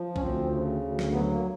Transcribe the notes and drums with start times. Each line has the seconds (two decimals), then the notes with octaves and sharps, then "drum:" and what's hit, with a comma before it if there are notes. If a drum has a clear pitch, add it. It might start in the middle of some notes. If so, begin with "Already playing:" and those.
Already playing: F3
0.16 C#4, drum: kick B1
0.22 D2 C4
0.52 C#3
0.82 D2
0.99 drum: snare
1.12 F#3 B3
1.31 A#3